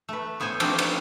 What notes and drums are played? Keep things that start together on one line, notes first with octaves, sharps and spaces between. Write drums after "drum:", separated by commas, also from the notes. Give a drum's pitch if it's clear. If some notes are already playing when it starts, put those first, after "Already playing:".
A3 B4
A2 B3 C5 C#5 G#5
F3 F#3 A3 C4 D4, drum: cymbal
drum: cymbal